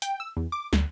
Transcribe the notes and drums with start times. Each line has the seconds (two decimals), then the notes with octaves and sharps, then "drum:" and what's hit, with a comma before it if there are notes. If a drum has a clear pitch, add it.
0.02 G5, drum: hi-hat
0.20 E6
0.37 E2
0.52 D6
0.73 D2, drum: snare